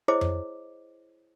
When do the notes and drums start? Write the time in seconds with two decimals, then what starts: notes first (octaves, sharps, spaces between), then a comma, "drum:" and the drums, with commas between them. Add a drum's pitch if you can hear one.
0.08 E4 G#4 C5 C#5 D#5 D6
0.21 drum: tom F2